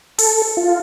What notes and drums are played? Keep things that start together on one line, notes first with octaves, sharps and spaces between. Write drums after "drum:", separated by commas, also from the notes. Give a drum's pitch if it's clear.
A4, drum: open hi-hat
F4